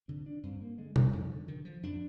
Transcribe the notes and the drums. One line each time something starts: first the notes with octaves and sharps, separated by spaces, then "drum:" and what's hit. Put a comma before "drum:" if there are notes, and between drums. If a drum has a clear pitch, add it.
D3 C4
D4
G2 C4
A#3
D3 G#3
G3, drum: tom B2
F2 F3
D3
D3 D#3
F3
F2 D4